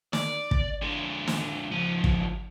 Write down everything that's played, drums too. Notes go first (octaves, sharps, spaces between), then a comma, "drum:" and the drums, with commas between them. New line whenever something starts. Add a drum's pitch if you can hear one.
D5, drum: snare
drum: kick
D3 G#3
drum: snare
C#2 F3
drum: kick